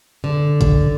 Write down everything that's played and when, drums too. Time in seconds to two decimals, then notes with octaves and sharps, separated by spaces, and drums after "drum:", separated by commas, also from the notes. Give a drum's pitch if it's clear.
0.24 D3
0.61 drum: kick, hi-hat